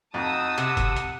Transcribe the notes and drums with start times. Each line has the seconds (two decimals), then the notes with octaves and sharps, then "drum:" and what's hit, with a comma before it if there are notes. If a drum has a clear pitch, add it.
0.14 F2 D#4 F#4 A5 D#6 E6
0.58 C3 F#5, drum: hi-hat
0.77 drum: kick, hi-hat
0.96 drum: hi-hat